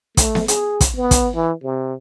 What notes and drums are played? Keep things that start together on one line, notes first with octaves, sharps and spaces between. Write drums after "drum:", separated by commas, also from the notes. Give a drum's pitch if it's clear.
A3, drum: kick, hi-hat
drum: snare B3
G#4, drum: hi-hat
drum: kick, hi-hat
B3
drum: kick, hi-hat
E3
C3